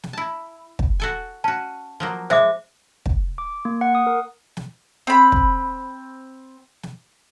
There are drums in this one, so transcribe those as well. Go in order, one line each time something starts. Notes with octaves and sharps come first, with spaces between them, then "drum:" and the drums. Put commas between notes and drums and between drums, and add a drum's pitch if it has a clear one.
drum: snare
E4 A5
drum: kick
F#4 A4 G#5
C#4 F#4 A5
F3 F#3 A#3
G#3 C5 E5 D6, drum: snare
drum: kick
D6
A#3
F#5
D#6
A#4
drum: snare
C4 B5
drum: kick
drum: snare